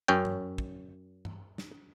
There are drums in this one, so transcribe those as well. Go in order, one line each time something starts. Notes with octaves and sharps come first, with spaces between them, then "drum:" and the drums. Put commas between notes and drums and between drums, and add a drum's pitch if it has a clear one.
F#2 C#4 G5
drum: tom G2
drum: kick
drum: tom G2
drum: snare